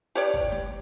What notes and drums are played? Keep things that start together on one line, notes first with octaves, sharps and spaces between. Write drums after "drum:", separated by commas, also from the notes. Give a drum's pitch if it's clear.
G4 C#5 D5, drum: hi-hat
drum: kick
drum: snare